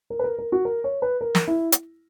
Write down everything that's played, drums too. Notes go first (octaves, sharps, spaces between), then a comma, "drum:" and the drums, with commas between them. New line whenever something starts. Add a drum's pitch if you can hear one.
A#4
B4
A#4
A#4
F#4
A#4
C#5
B4
A#4
drum: snare
E4
drum: hi-hat